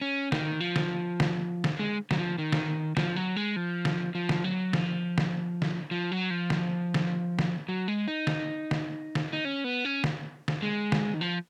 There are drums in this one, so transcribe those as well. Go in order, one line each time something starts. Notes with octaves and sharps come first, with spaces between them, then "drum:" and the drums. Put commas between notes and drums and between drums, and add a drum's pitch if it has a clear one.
C#4
D#3, drum: snare
F3
drum: snare
drum: snare
drum: snare
G#3
F#3, drum: snare
F3
D#3
drum: snare
F3, drum: snare
F#3
G#3
F3
drum: snare
F3
drum: snare
F#3
F3, drum: snare
drum: snare
drum: snare
F3
F#3
F3
drum: snare
drum: snare
drum: snare
F#3
G#3
D#4
drum: snare
drum: snare
drum: snare
D#4
C#4
B3
C#4
drum: snare
drum: snare
G#3
drum: snare
D#3
F3